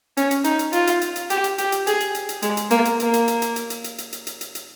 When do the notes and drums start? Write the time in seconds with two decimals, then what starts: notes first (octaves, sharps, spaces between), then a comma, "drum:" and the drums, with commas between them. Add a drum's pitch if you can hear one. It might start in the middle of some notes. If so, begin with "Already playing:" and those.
0.17 C#4, drum: hi-hat
0.31 drum: hi-hat
0.44 D#4, drum: hi-hat
0.59 drum: hi-hat
0.73 F4, drum: hi-hat
0.87 drum: hi-hat
1.01 drum: hi-hat
1.16 drum: hi-hat
1.30 G4, drum: hi-hat
1.44 drum: hi-hat
1.58 G4, drum: hi-hat
1.72 drum: hi-hat
1.87 G#4, drum: hi-hat
2.00 drum: hi-hat
2.15 drum: hi-hat
2.29 drum: hi-hat
2.42 G#3, drum: hi-hat
2.57 drum: hi-hat
2.71 A#3, drum: hi-hat
2.85 drum: hi-hat
3.00 A#3, drum: hi-hat
3.14 drum: hi-hat
3.28 drum: hi-hat
3.42 drum: hi-hat
3.56 drum: hi-hat
3.70 drum: hi-hat
3.84 drum: hi-hat
3.98 drum: hi-hat
4.13 drum: hi-hat
4.27 drum: hi-hat
4.41 drum: hi-hat
4.55 drum: hi-hat